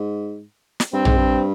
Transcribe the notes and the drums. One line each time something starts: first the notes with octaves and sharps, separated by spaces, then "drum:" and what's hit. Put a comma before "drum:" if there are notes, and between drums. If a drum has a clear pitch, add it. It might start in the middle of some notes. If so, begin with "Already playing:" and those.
Already playing: G#2
drum: snare
G2 C4
G#2, drum: tom A#1
G2